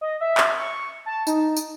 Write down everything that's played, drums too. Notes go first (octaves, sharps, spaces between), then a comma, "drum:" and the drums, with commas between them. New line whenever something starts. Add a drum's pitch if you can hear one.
D#5
E5
drum: clap
C#6
A5
D#4, drum: tambourine
drum: tambourine